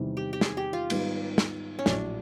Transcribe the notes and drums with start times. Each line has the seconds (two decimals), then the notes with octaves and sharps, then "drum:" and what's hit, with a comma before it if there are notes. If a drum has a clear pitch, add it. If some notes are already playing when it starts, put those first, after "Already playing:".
Already playing: E2 C3 D#3 G3
0.17 G4
0.33 G4
0.41 G#4, drum: snare
0.57 G4
0.73 F4
0.90 G#2 D#3 G3 B3 D#4, drum: cymbal
1.38 drum: snare
1.79 C#4
1.86 A#1 A2 F#3 D4, drum: snare